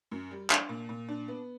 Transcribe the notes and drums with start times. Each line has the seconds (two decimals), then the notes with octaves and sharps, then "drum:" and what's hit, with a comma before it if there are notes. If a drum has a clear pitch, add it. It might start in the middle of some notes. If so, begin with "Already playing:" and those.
0.11 F#2
0.31 G3
0.50 D4, drum: clap
0.69 A#2
0.89 A#2
1.09 D4
1.28 B3